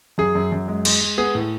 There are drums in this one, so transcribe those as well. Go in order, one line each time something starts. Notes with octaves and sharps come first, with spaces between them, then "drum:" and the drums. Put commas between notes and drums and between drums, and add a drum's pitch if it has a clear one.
F#2 G#4
F#2
F#2
G#3
G#3, drum: cymbal
G#3
B3 G#4
A2